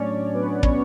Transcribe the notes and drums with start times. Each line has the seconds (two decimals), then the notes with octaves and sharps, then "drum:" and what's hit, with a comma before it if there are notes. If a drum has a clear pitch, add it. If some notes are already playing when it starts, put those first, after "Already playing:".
Already playing: A2 F#3 C#4 D4 C#5 D5
0.34 F#3 B3 B4
0.63 C#4 C#5, drum: kick